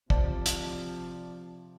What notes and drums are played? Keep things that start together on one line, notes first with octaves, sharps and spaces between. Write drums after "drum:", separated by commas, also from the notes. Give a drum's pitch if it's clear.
C3 F3 C5 D5 A5, drum: kick
drum: hi-hat